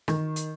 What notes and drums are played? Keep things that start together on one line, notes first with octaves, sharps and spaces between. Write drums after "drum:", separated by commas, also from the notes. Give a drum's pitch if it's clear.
D#3, drum: rim click
drum: hi-hat